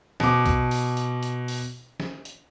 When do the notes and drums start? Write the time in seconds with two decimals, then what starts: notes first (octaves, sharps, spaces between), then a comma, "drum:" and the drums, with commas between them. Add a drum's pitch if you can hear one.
0.20 B2 D6, drum: snare
0.46 drum: kick A#1, hi-hat
0.71 drum: open hi-hat
0.97 drum: hi-hat
1.23 drum: hi-hat
1.48 drum: open hi-hat
2.00 drum: snare
2.25 drum: hi-hat